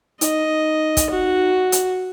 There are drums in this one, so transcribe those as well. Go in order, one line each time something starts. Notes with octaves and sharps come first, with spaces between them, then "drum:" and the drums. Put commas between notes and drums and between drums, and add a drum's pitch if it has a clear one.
D#4 D#5, drum: hi-hat
drum: kick, hi-hat
F#4
drum: hi-hat